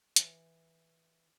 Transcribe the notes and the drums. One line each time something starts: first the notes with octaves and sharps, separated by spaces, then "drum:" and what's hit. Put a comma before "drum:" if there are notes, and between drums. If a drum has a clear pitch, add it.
E3, drum: hi-hat